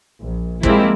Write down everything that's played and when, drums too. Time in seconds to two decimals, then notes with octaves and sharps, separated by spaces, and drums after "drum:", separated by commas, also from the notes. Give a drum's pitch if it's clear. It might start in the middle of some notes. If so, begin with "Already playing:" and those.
0.20 A#1
0.63 F3 G3 G#3 A#3 C4 E4, drum: kick